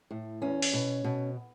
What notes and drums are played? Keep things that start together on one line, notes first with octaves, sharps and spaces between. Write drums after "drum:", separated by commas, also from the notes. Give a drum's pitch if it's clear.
A2
E2 C#4
drum: open hi-hat
B2
B2